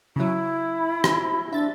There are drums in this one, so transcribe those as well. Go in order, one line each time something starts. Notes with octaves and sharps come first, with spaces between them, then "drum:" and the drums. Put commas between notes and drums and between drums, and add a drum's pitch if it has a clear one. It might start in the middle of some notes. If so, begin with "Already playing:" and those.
C#3 F#3 E4
B5
drum: rim click
D4 E5 A6